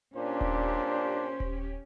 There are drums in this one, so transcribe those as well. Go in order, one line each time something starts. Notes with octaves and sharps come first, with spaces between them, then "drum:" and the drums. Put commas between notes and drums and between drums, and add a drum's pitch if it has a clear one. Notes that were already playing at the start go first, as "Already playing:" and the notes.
A#2 C#4 D4 G4 C5
drum: kick D#1
drum: kick D#1